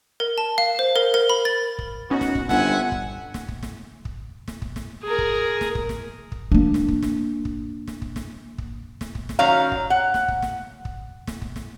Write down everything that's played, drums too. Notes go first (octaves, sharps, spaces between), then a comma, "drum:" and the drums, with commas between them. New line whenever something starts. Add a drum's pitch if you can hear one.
A#4
A5
F5
C5
A#4
A#4
B5
A6
drum: kick
B3 C#4 D#4 F#4
drum: snare
drum: kick
G1 C4 E5 F#5 G#5, drum: snare
drum: kick
drum: snare
drum: kick
drum: snare
drum: kick
drum: snare
drum: kick
drum: snare
G#4 A#4
drum: kick
drum: snare
drum: kick
drum: snare
drum: kick
A#3 D4
drum: snare
drum: kick
drum: snare
drum: kick
drum: snare
drum: kick
drum: snare
drum: kick
drum: snare
drum: kick
drum: snare
D#3 F#3 C#4 F5 A#5
drum: kick
F#5
drum: snare
drum: kick
drum: snare
drum: kick
drum: snare
drum: kick
drum: snare